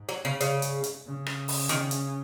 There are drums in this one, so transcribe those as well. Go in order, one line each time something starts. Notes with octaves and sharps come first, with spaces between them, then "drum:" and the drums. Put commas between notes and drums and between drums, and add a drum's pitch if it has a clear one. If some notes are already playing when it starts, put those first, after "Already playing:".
Already playing: G#2
F#3
C#3
C#3, drum: hi-hat
drum: hi-hat
drum: hi-hat
C#3
drum: rim click
drum: open hi-hat
D#3, drum: hi-hat
drum: hi-hat